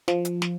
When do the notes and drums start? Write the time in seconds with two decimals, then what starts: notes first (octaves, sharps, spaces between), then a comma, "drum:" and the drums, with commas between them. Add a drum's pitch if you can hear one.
0.08 F3, drum: snare
0.25 drum: hi-hat
0.42 drum: snare